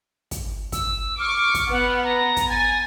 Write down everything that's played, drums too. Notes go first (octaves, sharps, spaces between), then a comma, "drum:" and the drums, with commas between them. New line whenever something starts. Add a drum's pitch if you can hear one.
drum: kick, hi-hat
E6, drum: kick, hi-hat
C#6 D6 F6
drum: kick, hi-hat
B3 F#5
A#5
drum: kick, hi-hat
G#5 A6